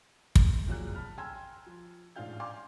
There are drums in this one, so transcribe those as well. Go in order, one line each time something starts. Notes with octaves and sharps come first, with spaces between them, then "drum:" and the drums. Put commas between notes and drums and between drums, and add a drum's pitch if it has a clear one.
drum: kick
C2 A#2 F#3 G#4 F#6
A5 B5 F6
G5 G#5 A#5 C6 E6 G#6
F3
A1 G#2 D4 F4 F5 G6
D5 F5 G#5 A#5 C6 D6